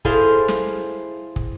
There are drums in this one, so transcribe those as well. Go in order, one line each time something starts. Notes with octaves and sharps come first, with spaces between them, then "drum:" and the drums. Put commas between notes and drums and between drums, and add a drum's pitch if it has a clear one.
E4 G#4 A4 C5 F5, drum: kick
drum: snare
drum: kick